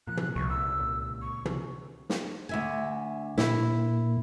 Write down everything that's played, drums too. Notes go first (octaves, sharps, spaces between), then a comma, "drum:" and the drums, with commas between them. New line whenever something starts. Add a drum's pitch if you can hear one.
A#2 F3 F#6
drum: tom
C2 C#6
C#2 E6
C#2 A#2
C#6
drum: tom
drum: snare
D2 E5 G#5
A#2 E4, drum: snare